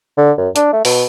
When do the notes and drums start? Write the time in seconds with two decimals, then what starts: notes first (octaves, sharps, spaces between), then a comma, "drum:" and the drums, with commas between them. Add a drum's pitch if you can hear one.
0.17 D3
0.38 F#2
0.56 D4, drum: hi-hat
0.73 A3
0.85 B2, drum: open hi-hat